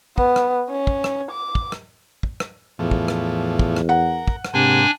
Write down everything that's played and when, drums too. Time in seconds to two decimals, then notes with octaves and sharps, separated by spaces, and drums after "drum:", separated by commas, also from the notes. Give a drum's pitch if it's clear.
0.18 B3, drum: kick
0.36 drum: rim click
0.70 C#4
0.87 drum: kick
1.04 drum: rim click
1.31 D6
1.55 drum: kick
1.72 drum: rim click
2.23 drum: kick
2.40 drum: rim click
2.79 E2 A2 E3 F3
2.91 drum: kick
3.08 drum: rim click
3.59 drum: kick
3.76 drum: rim click
3.89 A#4 F#5
4.28 drum: kick
4.45 drum: rim click
4.54 G#2 C3 A#3 D4 G5 G#5